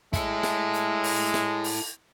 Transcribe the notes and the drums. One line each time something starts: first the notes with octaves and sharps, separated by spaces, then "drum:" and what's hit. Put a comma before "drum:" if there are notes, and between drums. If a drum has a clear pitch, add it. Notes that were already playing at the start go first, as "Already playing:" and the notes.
G#3 E4 A4, drum: kick, hi-hat
drum: snare
drum: hi-hat
drum: open hi-hat
drum: snare
drum: open hi-hat